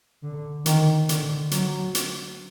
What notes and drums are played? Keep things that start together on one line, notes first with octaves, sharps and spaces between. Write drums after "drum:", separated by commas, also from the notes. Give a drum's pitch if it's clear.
D3
D#3, drum: hi-hat
D3, drum: hi-hat
F#3, drum: hi-hat
drum: hi-hat